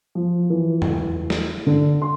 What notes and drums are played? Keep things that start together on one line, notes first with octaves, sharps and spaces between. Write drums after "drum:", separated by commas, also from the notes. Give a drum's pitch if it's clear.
F3
E3
drum: tom E2
drum: snare
D3
C6